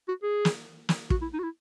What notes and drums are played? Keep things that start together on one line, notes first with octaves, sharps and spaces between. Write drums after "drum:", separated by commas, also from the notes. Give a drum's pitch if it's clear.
F#4
G#4
drum: snare
drum: snare
F#4, drum: kick
E4
D#4
F#4
E4